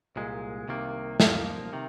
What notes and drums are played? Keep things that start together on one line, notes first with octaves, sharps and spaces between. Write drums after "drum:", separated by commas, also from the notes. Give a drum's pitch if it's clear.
C2 A#2 G#3
C2 C3 D#3 A#3
C2 A#2 F3 A#3 D#4, drum: snare
C3 D#3